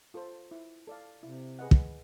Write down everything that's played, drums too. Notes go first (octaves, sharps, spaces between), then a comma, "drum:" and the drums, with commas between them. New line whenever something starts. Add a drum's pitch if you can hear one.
F4 A4 C5
E4
A4 D5 F5
C3 E4
G#4 B4 D#5 F#5
drum: kick